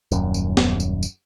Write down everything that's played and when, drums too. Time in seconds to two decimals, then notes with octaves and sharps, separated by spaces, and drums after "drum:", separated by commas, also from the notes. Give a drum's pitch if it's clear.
0.12 D#1 F#2, drum: tambourine
0.34 drum: tambourine
0.57 drum: snare
0.80 drum: tambourine
1.03 drum: tambourine